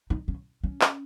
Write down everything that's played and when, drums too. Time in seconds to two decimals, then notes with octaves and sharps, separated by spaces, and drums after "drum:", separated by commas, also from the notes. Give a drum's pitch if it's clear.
0.10 D#4
0.28 C#4
0.63 C#4
0.81 drum: clap